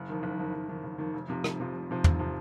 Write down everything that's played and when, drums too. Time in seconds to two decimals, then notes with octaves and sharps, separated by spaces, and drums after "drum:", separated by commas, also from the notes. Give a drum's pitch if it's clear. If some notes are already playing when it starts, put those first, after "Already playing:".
Already playing: F#1
0.09 F2 D#3
0.23 F#1
0.39 F2 D#3
0.54 F#1
0.69 F2 D#3
0.84 F#1
0.98 F2 D#3
1.14 F1
1.28 F2 C3 F3
1.44 F1, drum: rim click
1.60 F2 C3 F3
1.75 F1
1.89 F2 C3 F3
2.04 F1, drum: tom E2
2.19 C3 F3